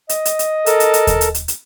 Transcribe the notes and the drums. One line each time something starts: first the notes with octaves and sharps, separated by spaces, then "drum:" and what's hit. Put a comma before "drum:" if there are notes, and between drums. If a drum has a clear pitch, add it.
D#5, drum: hi-hat
drum: hi-hat
drum: hi-hat
A4 A#4 A5, drum: hi-hat
drum: hi-hat
drum: hi-hat
drum: kick D#2, hi-hat
drum: hi-hat
drum: hi-hat
drum: hi-hat